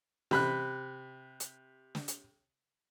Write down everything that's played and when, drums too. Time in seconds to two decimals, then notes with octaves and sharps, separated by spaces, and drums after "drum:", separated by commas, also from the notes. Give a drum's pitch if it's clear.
0.31 C3 B5 F#6, drum: snare
1.40 drum: hi-hat
1.95 drum: snare
2.08 drum: hi-hat